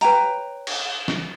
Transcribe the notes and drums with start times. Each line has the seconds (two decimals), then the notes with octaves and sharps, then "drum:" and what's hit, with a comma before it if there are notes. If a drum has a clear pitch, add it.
0.01 B4 C#5 G5 A#5, drum: hi-hat
0.67 drum: cymbal
1.08 drum: snare